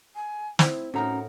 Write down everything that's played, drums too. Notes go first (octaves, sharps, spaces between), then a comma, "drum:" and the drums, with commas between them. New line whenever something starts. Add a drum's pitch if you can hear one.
G#5
C4 E4, drum: snare
A2 C#4 D#4 F#4 A#4 F#5 A#5